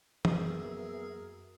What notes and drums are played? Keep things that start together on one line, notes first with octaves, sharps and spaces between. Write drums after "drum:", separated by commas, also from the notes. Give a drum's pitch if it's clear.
F#2 A#3 B3 F#4 G#4 A#4 E5, drum: tom